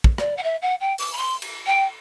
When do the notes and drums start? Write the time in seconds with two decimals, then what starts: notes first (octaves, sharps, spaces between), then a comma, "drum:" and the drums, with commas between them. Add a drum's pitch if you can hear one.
0.04 drum: kick
0.18 D5, drum: rim click
0.37 F#5
0.43 E5
0.61 F#5
0.80 G5
0.98 D6, drum: open hi-hat
1.12 B5
1.17 C6
1.42 drum: cymbal
1.66 G5